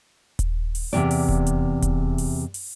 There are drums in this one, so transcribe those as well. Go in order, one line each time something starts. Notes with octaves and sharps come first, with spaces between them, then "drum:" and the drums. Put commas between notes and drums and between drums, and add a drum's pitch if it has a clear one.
drum: kick D#1, hi-hat
drum: open hi-hat
E2 C3 D5
drum: open hi-hat
drum: kick D#1
drum: hi-hat
drum: kick D#1, hi-hat
drum: open hi-hat
drum: open hi-hat